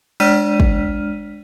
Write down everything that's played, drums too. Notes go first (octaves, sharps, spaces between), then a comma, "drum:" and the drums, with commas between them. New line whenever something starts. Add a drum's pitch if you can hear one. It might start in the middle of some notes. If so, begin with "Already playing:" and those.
G#3 D4 D5 F6 B6 D#7, drum: cymbal
drum: kick